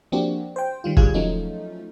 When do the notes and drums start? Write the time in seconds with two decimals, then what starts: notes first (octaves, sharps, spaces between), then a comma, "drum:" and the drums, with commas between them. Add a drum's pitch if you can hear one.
0.12 F3 A#3 C4 D4 F#4 G4
0.56 C5 G5
0.84 D#3 G3 F4
0.97 D2 G2 G3 F4 G#4 G#6, drum: kick
1.14 F3 F#3 A3 C#4 D#4 F4